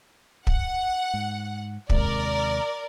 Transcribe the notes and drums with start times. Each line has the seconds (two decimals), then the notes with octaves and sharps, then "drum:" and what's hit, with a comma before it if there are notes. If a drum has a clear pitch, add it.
0.47 F#5, drum: kick
1.14 G#2
1.90 D#2 C3 G#3 A#4 D5, drum: kick